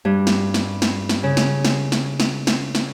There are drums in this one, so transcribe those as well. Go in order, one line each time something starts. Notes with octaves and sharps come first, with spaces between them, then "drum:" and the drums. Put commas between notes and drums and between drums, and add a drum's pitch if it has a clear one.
G2
drum: snare
drum: snare
drum: snare
drum: snare
C#3
drum: snare
drum: snare
drum: snare
drum: snare
drum: snare
drum: snare